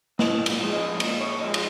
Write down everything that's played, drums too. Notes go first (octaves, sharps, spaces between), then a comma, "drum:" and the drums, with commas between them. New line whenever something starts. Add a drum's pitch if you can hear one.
A#2 D#5, drum: snare
drum: cymbal
F3 G#3
D#5
A#2, drum: cymbal
C#5
F3 G#3 D#5
drum: cymbal